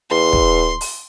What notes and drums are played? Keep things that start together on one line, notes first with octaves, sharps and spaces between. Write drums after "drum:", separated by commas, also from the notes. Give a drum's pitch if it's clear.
E2 C6
drum: kick
drum: open hi-hat